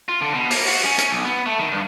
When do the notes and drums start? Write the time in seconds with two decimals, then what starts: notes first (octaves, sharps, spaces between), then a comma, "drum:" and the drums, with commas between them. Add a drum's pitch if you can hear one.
0.09 F4
0.21 D3
0.34 B2
0.50 A#3, drum: open hi-hat
0.67 F#4, drum: open hi-hat
0.85 C#4
0.98 C#4, drum: hi-hat
1.11 B1
1.25 B3
1.46 A3
1.59 D#3
1.72 G2